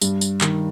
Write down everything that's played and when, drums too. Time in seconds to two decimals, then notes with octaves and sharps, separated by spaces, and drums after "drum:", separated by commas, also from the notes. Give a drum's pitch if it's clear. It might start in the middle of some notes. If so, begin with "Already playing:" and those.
0.01 G2, drum: tambourine
0.21 drum: tambourine
0.41 D#3, drum: clap